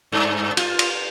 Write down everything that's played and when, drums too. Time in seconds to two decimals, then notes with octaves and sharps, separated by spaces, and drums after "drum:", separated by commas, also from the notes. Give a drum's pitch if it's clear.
0.12 G2
0.57 F4, drum: cymbal
0.79 drum: cymbal